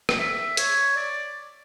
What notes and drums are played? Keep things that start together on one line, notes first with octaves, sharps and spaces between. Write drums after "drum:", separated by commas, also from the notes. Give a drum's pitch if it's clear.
drum: rim click
E5
C#5, drum: hi-hat
D5